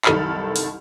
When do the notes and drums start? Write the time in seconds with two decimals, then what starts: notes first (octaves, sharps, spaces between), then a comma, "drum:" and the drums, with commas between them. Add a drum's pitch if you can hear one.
0.05 F#1 C2 D#3 A4 B5 F6, drum: clap
0.56 drum: open hi-hat